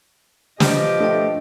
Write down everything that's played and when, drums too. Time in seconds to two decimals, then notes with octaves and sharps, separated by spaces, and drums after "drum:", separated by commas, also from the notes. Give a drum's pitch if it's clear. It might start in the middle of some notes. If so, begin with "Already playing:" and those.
0.60 B2 F3 G4 D#5, drum: snare
1.00 A3 D4 F4 G5